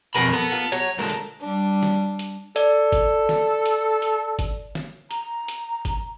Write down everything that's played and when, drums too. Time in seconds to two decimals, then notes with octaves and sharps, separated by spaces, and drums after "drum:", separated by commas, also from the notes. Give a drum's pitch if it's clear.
0.15 F2 B2 A#4 G#5 B5
0.33 B3 A4 A#4
0.52 F4 A5
0.72 F#3 C#5, drum: hi-hat
0.99 D3 G#3 A#4 A5
1.10 drum: hi-hat
1.41 G3 D4
1.83 drum: snare
2.19 drum: hi-hat
2.56 A4 D5, drum: hi-hat
2.92 drum: kick G1, hi-hat
3.29 drum: snare
3.66 drum: hi-hat
4.02 drum: hi-hat
4.39 drum: kick G1, hi-hat
4.75 drum: snare
5.11 A#5, drum: hi-hat
5.48 drum: hi-hat
5.85 drum: kick G1, hi-hat